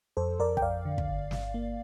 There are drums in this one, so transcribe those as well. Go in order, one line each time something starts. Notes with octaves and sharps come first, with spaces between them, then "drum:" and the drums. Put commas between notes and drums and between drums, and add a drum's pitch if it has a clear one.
F2 A4 C5
F2 A#4 D5
G5, drum: kick
F2 D5 F5
D3
drum: kick
G1
G1, drum: snare
A#3